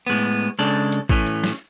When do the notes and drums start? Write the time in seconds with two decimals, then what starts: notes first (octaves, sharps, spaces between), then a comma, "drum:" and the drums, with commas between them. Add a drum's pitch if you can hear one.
0.07 A2 G#3 B3
0.59 C#3 G#3 D4 A4
0.92 drum: hi-hat
1.09 A2 E3 A3 C#4, drum: kick A1
1.27 drum: hi-hat
1.44 drum: snare